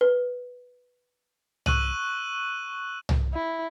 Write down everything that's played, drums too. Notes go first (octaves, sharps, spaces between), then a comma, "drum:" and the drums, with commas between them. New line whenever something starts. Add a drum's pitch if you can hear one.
B4
C#6 E6 F#6 D#7 F#7, drum: tom C2
drum: tom C2
E4